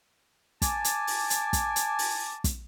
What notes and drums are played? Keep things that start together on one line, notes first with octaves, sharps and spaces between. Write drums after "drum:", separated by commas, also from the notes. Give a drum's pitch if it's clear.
G#5 A5 D6, drum: kick, hi-hat
drum: hi-hat
drum: open hi-hat
drum: hi-hat
drum: kick, hi-hat
drum: hi-hat
drum: open hi-hat
drum: kick, hi-hat